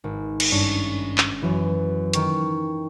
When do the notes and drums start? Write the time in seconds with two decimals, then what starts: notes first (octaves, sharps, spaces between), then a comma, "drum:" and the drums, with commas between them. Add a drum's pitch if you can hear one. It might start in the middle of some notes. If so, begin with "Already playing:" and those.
0.04 G#1
0.40 drum: cymbal
0.52 G2 C#4 D4
1.18 drum: clap
1.42 F#2 E3 F#3
2.13 D#3 G5 C#6, drum: hi-hat